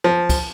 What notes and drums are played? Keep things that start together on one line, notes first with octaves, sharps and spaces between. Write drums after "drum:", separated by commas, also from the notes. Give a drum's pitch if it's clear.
F3
drum: kick, cymbal